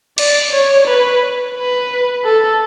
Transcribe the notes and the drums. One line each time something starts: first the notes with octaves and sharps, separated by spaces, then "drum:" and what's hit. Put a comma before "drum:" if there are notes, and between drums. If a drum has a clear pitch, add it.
D5, drum: cymbal
C#5
B4
B4
A4